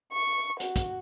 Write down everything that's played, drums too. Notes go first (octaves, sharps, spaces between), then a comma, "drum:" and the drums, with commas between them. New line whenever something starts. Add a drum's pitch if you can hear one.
C#6
F#4, drum: hi-hat
drum: kick, hi-hat